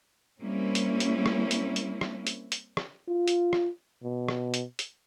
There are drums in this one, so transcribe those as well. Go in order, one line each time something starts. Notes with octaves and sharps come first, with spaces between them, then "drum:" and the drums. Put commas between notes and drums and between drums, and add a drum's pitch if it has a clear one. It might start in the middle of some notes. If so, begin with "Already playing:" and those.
G3 A#3 C4 C#4 E4
drum: hi-hat
drum: hi-hat
drum: rim click
drum: hi-hat
drum: hi-hat
drum: rim click
drum: hi-hat
drum: hi-hat
drum: rim click
F4
drum: hi-hat
drum: rim click
B2
drum: rim click
drum: hi-hat
drum: hi-hat